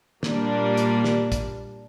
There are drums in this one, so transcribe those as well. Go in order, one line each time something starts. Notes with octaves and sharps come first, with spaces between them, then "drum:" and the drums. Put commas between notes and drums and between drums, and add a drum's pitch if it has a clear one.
A#2 G3 A#3 D4, drum: snare
drum: hi-hat
drum: snare
drum: kick, hi-hat